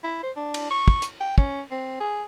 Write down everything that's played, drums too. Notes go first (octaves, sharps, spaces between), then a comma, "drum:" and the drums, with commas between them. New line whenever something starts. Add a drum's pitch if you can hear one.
E4
C5
D4
drum: cymbal
C#6
drum: kick
drum: hi-hat
G5
C#4, drum: kick
C4
G#4